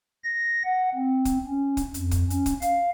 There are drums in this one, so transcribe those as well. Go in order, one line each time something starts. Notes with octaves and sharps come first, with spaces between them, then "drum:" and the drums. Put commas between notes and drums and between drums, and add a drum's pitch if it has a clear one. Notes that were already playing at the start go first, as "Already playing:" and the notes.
A#6
F#5
C4
drum: kick, hi-hat
C#4
drum: kick, hi-hat
F2, drum: hi-hat
drum: kick, hi-hat
C#4, drum: hi-hat
drum: kick, hi-hat
F5, drum: hi-hat